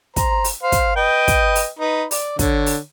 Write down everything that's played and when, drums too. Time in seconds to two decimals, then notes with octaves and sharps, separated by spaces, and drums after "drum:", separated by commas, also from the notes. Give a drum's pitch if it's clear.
0.16 C5 A#5, drum: kick, hi-hat
0.44 drum: open hi-hat
0.63 C5 F5
0.72 drum: kick, hi-hat
0.96 B4 D#5 G5
1.28 drum: kick, hi-hat
1.55 drum: open hi-hat
1.80 D#4 B4 B5
2.11 D5, drum: open hi-hat
2.39 D3 C#5, drum: kick, hi-hat
2.66 drum: open hi-hat